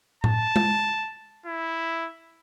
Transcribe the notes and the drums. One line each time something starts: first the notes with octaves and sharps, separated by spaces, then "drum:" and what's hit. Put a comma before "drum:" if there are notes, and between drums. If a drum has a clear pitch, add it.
A5, drum: tom A2
drum: tom G#3
E4